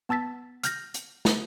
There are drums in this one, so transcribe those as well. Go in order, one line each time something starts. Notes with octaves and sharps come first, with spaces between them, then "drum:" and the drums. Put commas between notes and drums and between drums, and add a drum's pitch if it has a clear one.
B3 A5 E6 A6 B6
F6 G6 A#6, drum: hi-hat
drum: hi-hat
drum: snare